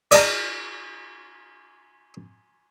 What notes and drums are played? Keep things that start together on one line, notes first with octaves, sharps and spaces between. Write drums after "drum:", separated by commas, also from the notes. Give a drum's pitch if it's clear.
D5 D#5 A5 A#5, drum: cymbal